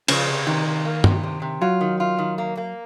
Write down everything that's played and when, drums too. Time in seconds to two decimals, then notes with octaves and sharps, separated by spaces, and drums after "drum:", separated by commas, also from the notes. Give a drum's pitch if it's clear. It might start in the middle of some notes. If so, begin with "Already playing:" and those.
0.08 C#3 F3, drum: cymbal
0.27 C3
0.47 C3 D#3
0.66 C3
0.85 A#3
1.04 C3, drum: tom
1.23 C3
1.42 C3
1.61 F#3 F4
1.81 D#3
2.00 F4
2.18 D#3
2.38 A#3
2.57 A#3